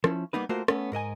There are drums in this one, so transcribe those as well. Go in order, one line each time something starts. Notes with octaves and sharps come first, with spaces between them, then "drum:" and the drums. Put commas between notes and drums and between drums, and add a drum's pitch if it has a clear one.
F3 C#4 E4, drum: rim click
G3 A#3 B3 D#4 B4
A3 A#3 F4 F#4 A#4 C5
A3 B3 C#4, drum: rim click
G#2 A#4 D#5 G#5